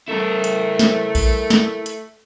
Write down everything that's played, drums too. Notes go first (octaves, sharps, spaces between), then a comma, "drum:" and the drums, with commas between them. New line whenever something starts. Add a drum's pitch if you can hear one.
A3 E4 A#4
drum: hi-hat
drum: snare
drum: kick A#1, open hi-hat
drum: snare
drum: hi-hat